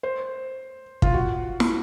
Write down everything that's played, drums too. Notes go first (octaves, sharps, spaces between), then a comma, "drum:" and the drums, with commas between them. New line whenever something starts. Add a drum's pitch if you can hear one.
C5
F4, drum: kick
F#4
drum: snare